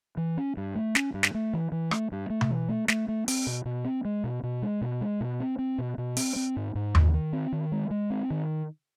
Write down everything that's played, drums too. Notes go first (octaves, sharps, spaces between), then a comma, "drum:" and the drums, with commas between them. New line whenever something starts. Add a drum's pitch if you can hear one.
E3
C#4
G2
A3
C#4, drum: snare
G2
drum: snare
A3
E3
E3
A3, drum: rim click
G2
A3
drum: tom B2
E3
A3
A3, drum: snare
A3
C4, drum: open hi-hat
B2
B2
C4
G#3
B2
B2
G#3
B2
G#3
B2
C4
C4
B2
B2
C4, drum: open hi-hat
C4
G#2
G#2
D#3, drum: tom D#2
D#3
C4
D#3
G#3
G#3
C4
D#3